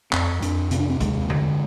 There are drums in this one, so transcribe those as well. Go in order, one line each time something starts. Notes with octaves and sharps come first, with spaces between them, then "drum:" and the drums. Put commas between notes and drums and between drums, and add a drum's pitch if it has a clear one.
F2 C4, drum: clap
F2 D4, drum: hi-hat
C3 C4, drum: hi-hat
D4
C4
D#2 G#3, drum: kick, hi-hat
D3, drum: tom